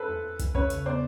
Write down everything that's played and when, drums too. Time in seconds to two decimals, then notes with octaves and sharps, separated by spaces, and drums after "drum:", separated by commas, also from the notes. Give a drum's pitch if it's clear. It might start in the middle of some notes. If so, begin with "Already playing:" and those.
Already playing: A4 B4 C5
0.08 E2
0.23 E2
0.39 E2, drum: kick, hi-hat
0.55 C#4 B4 C#5, drum: kick
0.70 C#3, drum: hi-hat
0.85 B3 C5 D5